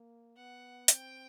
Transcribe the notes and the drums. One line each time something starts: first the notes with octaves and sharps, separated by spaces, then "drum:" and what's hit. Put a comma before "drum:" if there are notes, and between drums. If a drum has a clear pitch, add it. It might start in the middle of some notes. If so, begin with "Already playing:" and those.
Already playing: A#3
B3 F#5
C4 G5, drum: hi-hat